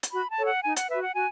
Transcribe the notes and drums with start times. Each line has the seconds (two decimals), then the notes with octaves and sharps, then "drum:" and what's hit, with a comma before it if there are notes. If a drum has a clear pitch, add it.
0.03 drum: hi-hat
0.12 F#4 B5
0.30 A5
0.38 A4 C#5
0.46 F#5
0.64 D#4 G#5
0.76 F#5, drum: hi-hat
0.89 F#4 B4 E5
1.02 F#5
1.14 F#4 G#5